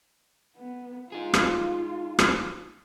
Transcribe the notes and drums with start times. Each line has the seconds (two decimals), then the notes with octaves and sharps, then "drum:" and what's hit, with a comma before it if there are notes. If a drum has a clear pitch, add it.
0.57 B3
1.12 D#4 F4 G#4
1.34 drum: rim click
2.19 drum: rim click